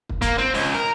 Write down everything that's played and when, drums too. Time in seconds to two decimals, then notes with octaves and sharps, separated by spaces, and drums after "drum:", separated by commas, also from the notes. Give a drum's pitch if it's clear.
0.09 drum: kick
0.22 A#3, drum: kick, hi-hat
0.38 C4, drum: snare
0.54 C#2, drum: open hi-hat
0.74 A#4